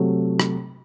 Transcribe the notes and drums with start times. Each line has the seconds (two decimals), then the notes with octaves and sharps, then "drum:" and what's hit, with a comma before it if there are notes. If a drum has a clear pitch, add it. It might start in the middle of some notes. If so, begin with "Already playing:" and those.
Already playing: C3 F#3 A3
0.40 drum: rim click